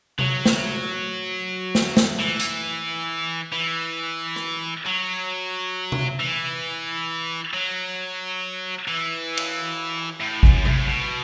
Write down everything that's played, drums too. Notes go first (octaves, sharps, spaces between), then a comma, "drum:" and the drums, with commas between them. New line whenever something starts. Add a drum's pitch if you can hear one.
F#3, drum: tom C3
drum: snare
drum: snare
drum: snare
E3
drum: hi-hat
E3
drum: rim click
F#3
drum: tom C3
E3
F#3
E3
drum: cymbal
A2
F#2, drum: kick G#1
A2, drum: tom C3
B2